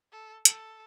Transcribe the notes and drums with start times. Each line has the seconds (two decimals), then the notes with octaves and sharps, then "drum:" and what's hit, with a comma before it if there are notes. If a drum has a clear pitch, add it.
0.12 A4
0.45 A4, drum: hi-hat